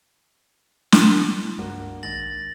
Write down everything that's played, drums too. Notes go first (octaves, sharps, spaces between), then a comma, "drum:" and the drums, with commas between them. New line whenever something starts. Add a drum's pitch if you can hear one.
drum: snare
C#2 G2 A#3 D4 F#4
A#1 D#3 G#3 A6 A#6 F#7